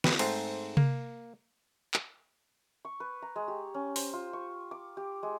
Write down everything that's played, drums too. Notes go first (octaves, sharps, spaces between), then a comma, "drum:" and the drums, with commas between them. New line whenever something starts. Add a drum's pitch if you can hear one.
B4, drum: snare
G#2 A3 C4, drum: cymbal
A#3, drum: tom C3
drum: clap
C#6
B4
A#5
G#3
G4
C#4
C5, drum: open hi-hat
F4
C#6
D6
G4
G#3